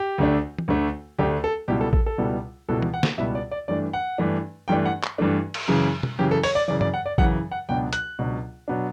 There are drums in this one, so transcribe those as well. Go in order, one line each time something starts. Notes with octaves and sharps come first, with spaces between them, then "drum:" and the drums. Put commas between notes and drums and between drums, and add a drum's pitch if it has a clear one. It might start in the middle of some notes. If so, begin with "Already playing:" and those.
Already playing: G4
D2 D3 A3 D4
drum: tom E3
D2 D3 A3 D4
D2 D3 A3 D4 G4
A4
C#2 B2 G3 B3 E4 G4
A4
A4, drum: kick A1
A4
C#2 B2 G3 B3 E4
C#2 B2 G3 B3 E4 A4
drum: tom E3
F#5
drum: snare
C#2 B2 G3 B3 E4 E5
D5
D5
G2 E3 A3 D4 D5
F#5
G2 E3 A3 D4
G2 E3 A3 D4 G5
F#5
drum: clap
G2 E3 A3 D4
drum: cymbal
F#2 C#3 E3
drum: tom
F#2 C#3 E3 G4
A4
C#5, drum: open hi-hat
D5
F#2 C#3 E3 D5
D5, drum: tom
F#5
D5
F#2 C#3 E3 F#5, drum: kick A1
F#5
C#2 B2 F#3 B3 D4 G5
F#6, drum: hi-hat
C#2 B2 F#3 B3 D4
B2 F#3 B3 D4